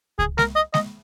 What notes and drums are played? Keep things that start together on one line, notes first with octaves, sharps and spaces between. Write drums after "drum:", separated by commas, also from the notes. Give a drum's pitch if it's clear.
G#4, drum: kick C#2
A#4, drum: snare G#3
D#5
D#5, drum: snare G#3